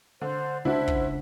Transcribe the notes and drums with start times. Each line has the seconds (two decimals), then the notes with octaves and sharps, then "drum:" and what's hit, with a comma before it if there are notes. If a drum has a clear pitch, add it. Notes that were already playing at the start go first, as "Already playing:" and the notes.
0.21 D3 C5
0.65 C#2 D4 E4 F#4 C5 E5 A5
0.88 drum: kick